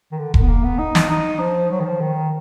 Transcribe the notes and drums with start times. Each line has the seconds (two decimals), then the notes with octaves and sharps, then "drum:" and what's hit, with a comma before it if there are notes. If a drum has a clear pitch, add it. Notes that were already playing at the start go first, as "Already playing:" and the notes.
0.12 D#3
0.19 D3
0.34 D3, drum: kick E1
0.41 B3
0.48 A#3
0.64 B3
0.79 D#4
0.95 drum: snare
1.10 D#4
1.40 F3
1.71 F#3
1.80 D#3
1.86 F3
2.01 D#3